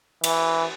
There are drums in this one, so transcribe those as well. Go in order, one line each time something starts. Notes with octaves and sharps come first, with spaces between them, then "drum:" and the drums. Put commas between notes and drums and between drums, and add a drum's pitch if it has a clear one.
E3, drum: cymbal